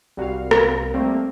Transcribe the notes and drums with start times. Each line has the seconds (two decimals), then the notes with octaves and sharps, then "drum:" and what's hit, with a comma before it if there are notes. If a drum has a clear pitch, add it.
0.17 C2 G3 F#4 F5
0.51 drum: rim click
0.94 G3 A3 A#3 C4